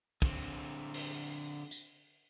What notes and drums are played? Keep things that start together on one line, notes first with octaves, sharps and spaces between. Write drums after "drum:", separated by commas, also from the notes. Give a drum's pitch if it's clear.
D3 C4, drum: kick
drum: open hi-hat
drum: tambourine